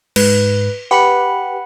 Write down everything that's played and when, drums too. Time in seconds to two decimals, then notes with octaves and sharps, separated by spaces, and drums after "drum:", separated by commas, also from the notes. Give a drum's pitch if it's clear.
0.16 G#2 B4, drum: cymbal
0.91 G4 B4 F#5 B5 C#7